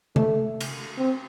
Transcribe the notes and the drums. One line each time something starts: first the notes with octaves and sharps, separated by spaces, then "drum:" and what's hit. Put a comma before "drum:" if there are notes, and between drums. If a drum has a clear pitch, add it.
A3, drum: tom C3
drum: cymbal
C4